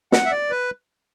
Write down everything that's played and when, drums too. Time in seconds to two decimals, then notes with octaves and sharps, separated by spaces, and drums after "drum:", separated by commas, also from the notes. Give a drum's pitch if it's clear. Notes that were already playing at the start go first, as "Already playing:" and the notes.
0.12 F#5, drum: snare
0.26 E5
0.31 D5
0.51 B4